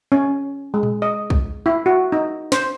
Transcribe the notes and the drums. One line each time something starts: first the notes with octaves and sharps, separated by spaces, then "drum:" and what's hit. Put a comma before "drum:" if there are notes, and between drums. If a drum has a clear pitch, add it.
C#4
G#3
drum: tom A#2
D#5
drum: kick B1
E4
F#4
D#4
C5, drum: snare